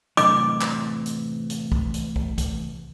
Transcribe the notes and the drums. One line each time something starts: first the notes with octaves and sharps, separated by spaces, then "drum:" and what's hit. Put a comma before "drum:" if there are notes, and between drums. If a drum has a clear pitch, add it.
E2 A2 C3 D6, drum: hi-hat
drum: clap
drum: hi-hat
drum: hi-hat
drum: kick
drum: hi-hat
drum: kick
drum: kick, hi-hat